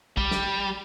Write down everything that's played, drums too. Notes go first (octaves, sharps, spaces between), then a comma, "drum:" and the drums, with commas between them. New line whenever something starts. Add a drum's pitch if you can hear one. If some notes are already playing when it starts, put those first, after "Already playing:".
G3, drum: kick
drum: snare